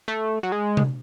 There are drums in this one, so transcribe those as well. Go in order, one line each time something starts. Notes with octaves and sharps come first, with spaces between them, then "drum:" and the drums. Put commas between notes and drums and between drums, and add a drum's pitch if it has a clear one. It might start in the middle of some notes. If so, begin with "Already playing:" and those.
A3
F#3
G#3
drum: tom C3